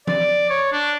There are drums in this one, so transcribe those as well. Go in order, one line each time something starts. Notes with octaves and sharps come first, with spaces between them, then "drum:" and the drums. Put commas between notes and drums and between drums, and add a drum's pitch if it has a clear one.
D5, drum: tom F3
C#5
D4